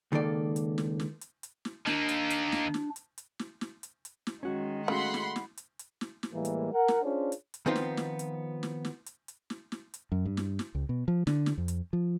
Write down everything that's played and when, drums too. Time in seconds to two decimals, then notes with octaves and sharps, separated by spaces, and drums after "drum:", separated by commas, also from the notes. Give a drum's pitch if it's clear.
0.12 C#2 D#3 A#3 A4 D5
0.56 drum: hi-hat
0.78 drum: snare
1.00 drum: snare
1.21 drum: hi-hat
1.43 drum: hi-hat
1.65 drum: snare
1.87 D#3 A#3 D4, drum: snare
2.09 drum: hi-hat
2.30 drum: hi-hat
2.52 drum: snare
2.74 drum: snare
2.96 drum: hi-hat
3.18 drum: hi-hat
3.39 drum: snare
3.61 drum: snare
3.83 drum: hi-hat
4.05 drum: hi-hat
4.27 drum: snare
4.43 D#3 G#3 C#4 F#4
4.88 C#3 A3 F#4 F#5 B5 C6
5.14 drum: snare
5.36 drum: snare
5.57 drum: hi-hat
5.79 drum: hi-hat
6.01 drum: snare
6.23 drum: snare
6.33 A2 E3 G3 G#3 A#3
6.45 drum: hi-hat
6.73 A#4 F#5
6.88 drum: snare
7.03 C#4 D4 F4 G#4 C5 C#5
7.32 drum: hi-hat
7.54 drum: hi-hat
7.66 D#3 F3 B3 C4 D#4 F4
7.76 drum: snare
7.97 drum: snare
8.19 drum: hi-hat
8.63 drum: snare
8.85 drum: snare
9.06 drum: hi-hat
9.28 drum: hi-hat
9.50 drum: snare
9.72 drum: snare
9.94 drum: hi-hat
10.12 F#2
10.26 G2
10.37 drum: snare
10.59 drum: snare
10.75 C#2
10.89 B2
11.08 F3
11.27 D3, drum: snare
11.46 drum: snare
11.58 F2
11.68 drum: hi-hat
11.93 F3